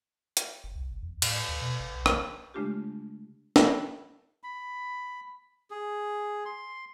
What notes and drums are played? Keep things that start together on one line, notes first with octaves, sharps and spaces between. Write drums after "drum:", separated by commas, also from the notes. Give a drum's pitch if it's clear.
drum: hi-hat
F#1
C2
G1
E2
A2, drum: cymbal
D#2
B2
G#1
B1
drum: rim click
C#3 G#3 A3 D4 F4 G4
drum: snare
B5
G#4
C6